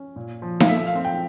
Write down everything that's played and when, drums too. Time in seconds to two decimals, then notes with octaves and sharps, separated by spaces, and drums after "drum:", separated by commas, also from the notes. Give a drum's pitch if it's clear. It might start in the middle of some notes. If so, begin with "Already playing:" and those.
Already playing: C#4
0.16 A#2
0.42 F3
0.60 F5, drum: snare D#4
0.68 A3 E5
0.87 F5
0.95 C4
1.05 G5